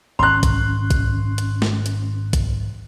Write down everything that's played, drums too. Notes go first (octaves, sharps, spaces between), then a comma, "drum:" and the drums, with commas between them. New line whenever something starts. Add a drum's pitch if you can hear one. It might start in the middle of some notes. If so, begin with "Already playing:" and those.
G#1 C#4 C6 F#6
drum: kick, hi-hat
drum: kick, hi-hat
drum: hi-hat
drum: snare
drum: hi-hat
drum: kick, hi-hat